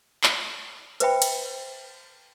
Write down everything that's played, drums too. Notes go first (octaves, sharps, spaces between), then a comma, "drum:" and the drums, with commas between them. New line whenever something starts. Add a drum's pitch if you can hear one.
drum: clap
B4 C5 E5 G5 B5, drum: hi-hat
drum: cymbal